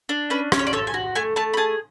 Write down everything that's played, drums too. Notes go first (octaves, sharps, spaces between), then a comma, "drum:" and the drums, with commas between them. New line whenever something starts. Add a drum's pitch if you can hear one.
D4
C#4 B4
C#4, drum: rim click
C#5
D5
A4 C#5
G#5
F#4
A3 G#5
A3 A5
B5
G#4 A5